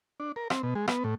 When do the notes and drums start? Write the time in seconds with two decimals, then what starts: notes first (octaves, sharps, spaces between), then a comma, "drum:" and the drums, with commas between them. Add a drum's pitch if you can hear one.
0.20 D4
0.36 A#4
0.50 C4, drum: rim click
0.63 B2
0.75 G#3
0.88 B3, drum: rim click
1.04 A2